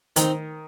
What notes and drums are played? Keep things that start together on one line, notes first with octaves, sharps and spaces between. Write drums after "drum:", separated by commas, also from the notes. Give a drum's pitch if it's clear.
D#3 C4 D#4, drum: hi-hat